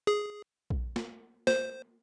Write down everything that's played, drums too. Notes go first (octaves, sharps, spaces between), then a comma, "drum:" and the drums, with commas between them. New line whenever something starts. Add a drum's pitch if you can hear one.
G#4
drum: kick A#1
drum: snare
C5, drum: snare